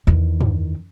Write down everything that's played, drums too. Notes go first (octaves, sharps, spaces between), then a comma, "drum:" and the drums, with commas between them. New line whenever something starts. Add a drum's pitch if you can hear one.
E2 D#3
drum: tom